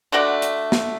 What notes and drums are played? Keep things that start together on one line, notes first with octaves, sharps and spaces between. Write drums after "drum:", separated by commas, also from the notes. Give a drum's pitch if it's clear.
D3 A3 F#4 D5
drum: hi-hat
drum: snare